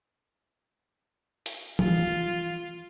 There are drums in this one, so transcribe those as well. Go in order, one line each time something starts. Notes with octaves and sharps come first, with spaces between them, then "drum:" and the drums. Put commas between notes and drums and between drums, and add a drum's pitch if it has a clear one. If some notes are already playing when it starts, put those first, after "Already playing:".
drum: hi-hat
F4, drum: tom E3